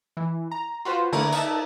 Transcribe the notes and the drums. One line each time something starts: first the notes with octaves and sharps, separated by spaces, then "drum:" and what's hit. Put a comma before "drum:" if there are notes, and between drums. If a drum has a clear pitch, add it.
E3
A#5
F4 F#4 B4 C5
D3 A3 A#3 E4 A#4, drum: cymbal
D#4 A#4 E5 A5, drum: tambourine